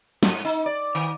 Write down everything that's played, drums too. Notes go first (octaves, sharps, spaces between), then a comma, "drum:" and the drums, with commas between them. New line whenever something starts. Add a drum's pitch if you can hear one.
G#2, drum: snare
D#4
D5
D#3, drum: tambourine